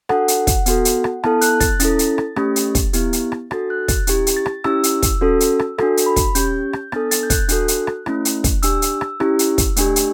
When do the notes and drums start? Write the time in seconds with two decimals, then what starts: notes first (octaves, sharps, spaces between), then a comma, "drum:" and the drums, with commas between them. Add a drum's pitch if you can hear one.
0.09 D4 F#4 A4 F#5, drum: rim click
0.28 drum: hi-hat
0.47 drum: kick, hi-hat
0.66 B3 F#4 A4, drum: hi-hat
0.85 drum: hi-hat
1.04 drum: rim click
1.23 B3 E4 A4 A5, drum: rim click
1.41 F#6, drum: hi-hat
1.60 A6, drum: kick, hi-hat
1.80 C#4 E4 A4 A6, drum: hi-hat
1.99 drum: hi-hat
2.18 drum: rim click
2.36 A3 C#4 G4, drum: rim click
2.56 drum: hi-hat
2.75 drum: kick, hi-hat
2.93 B3 E4 G4, drum: hi-hat
3.13 drum: hi-hat
3.32 drum: rim click
3.51 D4 F#4 A4 A6, drum: rim click
3.70 F#6
3.88 A6, drum: kick, hi-hat
4.07 C#4 E4 G4, drum: hi-hat
4.27 drum: hi-hat
4.37 A6
4.46 drum: rim click
4.64 C#4 E4 G4 E6, drum: rim click
4.84 drum: hi-hat
5.02 drum: kick, hi-hat
5.21 C#4 F#4 A4
5.40 drum: hi-hat
5.59 drum: rim click
5.78 D4 F#4 A4, drum: rim click
5.97 drum: hi-hat
6.06 B5
6.16 drum: kick, hi-hat
6.35 C#4 G4 G6, drum: hi-hat
6.73 drum: rim click
6.92 B3 D4 A4 A6, drum: rim click
7.11 A6, drum: hi-hat
7.23 G6
7.30 F#6, drum: kick, hi-hat
7.49 D4 F#4 A4, drum: hi-hat
7.68 drum: hi-hat
7.87 drum: rim click
8.06 A3 C#4 E4, drum: rim click
8.25 drum: hi-hat
8.44 drum: kick, hi-hat
8.63 D4 G4 E6, drum: hi-hat
8.82 drum: hi-hat
9.01 drum: rim click
9.20 C#4 E4 G4, drum: rim click
9.39 drum: hi-hat
9.58 drum: kick, hi-hat
9.76 A3 D4 G4, drum: hi-hat
9.96 drum: hi-hat